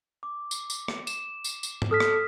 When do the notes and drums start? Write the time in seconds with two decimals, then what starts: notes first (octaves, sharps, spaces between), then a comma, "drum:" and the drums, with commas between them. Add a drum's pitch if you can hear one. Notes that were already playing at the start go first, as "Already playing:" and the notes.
0.23 D6
0.51 drum: tambourine
0.70 drum: tambourine
0.88 drum: rim click
1.07 E7, drum: tambourine
1.44 drum: tambourine
1.63 drum: tambourine
1.82 drum: tom G#2
1.91 A4 D#6 F6 B6
2.00 drum: rim click